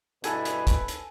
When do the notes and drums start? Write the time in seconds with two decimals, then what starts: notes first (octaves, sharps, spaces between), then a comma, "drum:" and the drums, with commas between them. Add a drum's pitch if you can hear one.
0.24 G2 B2 E4 A4 B4 G#5, drum: hi-hat
0.45 drum: hi-hat
0.67 drum: kick, hi-hat
0.88 drum: hi-hat